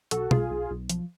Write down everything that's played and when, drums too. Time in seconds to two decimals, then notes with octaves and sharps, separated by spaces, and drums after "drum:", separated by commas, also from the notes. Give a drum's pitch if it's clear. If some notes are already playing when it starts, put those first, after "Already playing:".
0.11 B1 F#4 A4, drum: hi-hat
0.31 B1 F4 G#4, drum: tom B2
0.51 B1
0.71 B1
0.90 F3, drum: hi-hat